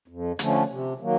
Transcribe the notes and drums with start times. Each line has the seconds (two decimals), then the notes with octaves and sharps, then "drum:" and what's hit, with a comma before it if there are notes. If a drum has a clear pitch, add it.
0.08 F2
0.39 D3 F3 A3 C#4, drum: hi-hat
0.69 C3
1.00 D#3 F#3 A#3